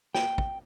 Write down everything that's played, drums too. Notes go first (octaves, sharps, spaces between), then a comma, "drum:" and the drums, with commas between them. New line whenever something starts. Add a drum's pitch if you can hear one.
G5, drum: snare
drum: kick